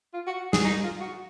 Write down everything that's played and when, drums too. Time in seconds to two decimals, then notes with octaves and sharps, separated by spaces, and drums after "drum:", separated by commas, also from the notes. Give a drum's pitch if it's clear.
0.14 F4
0.27 F#4
0.53 G#4, drum: snare
0.65 D#4
0.83 F4
1.01 F#4